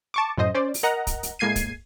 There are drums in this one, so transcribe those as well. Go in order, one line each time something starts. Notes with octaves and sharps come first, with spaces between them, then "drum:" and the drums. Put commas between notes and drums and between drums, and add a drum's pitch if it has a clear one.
A5 C#6 D6
F#2 A2 C5 D#5
C#4 C5 D5
drum: open hi-hat
A#4 D#5 F#5 A#5
drum: kick, hi-hat
drum: hi-hat
A2 G#3 A#3 G#6 C7 D#7
drum: kick, hi-hat